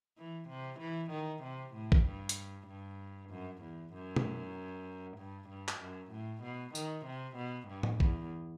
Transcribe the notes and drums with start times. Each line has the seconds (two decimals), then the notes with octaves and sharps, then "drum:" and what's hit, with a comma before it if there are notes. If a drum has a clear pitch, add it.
0.18 E3
0.49 C3
0.81 E3
1.11 D#3
1.44 C3
1.74 A2
1.92 drum: kick A1
2.06 G2
2.29 drum: hi-hat
2.68 G2
3.31 F#2
3.63 E2
3.94 F#2
4.16 drum: tom
5.18 G2
5.49 G2
5.68 drum: clap
5.80 F#2
6.12 A2
6.43 B2
6.75 D#3, drum: tambourine
7.07 C3
7.37 B2
7.68 G2
7.83 drum: tom A2
8.00 E2, drum: kick A1